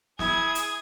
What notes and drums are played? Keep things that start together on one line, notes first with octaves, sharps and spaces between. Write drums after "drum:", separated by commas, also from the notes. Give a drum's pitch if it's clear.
E4 G#4 D#6 G#6, drum: snare
drum: hi-hat